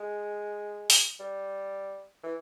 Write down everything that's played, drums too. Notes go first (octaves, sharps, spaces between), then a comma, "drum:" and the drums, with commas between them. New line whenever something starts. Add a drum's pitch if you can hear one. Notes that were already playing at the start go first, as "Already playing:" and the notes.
Already playing: G#3
drum: open hi-hat
G3
E3